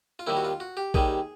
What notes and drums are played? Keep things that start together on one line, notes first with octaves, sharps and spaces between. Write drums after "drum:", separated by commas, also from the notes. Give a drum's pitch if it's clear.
F4
D#2 D#3 G3 E4
F#4
F4
F#4
G4
D#2 D#3 G3 G#4, drum: kick A#1